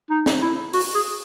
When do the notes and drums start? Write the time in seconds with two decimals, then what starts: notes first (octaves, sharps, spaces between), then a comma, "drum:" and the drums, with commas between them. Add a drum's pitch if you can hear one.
0.10 D#4
0.26 drum: snare
0.42 E4
0.73 F#4, drum: open hi-hat
0.95 G#4